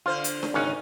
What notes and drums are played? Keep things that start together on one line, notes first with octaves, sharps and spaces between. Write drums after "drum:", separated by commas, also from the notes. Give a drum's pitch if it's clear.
D3 F4 C5
drum: hi-hat
drum: snare D4
G#1 C#3 C#4 D#4 F#5